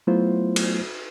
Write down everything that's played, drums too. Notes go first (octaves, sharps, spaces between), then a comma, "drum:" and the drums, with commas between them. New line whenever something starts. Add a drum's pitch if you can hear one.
F#3 A3 B3 E4 F4 C5
drum: cymbal